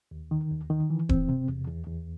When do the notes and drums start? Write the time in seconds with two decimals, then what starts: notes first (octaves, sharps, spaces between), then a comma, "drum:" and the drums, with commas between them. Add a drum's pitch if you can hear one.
0.11 D#2
0.31 D#3
0.51 D#2
0.70 D#3
0.90 E3
1.09 C4, drum: kick D#1
1.29 C3
1.48 E2
1.68 E2
1.87 E2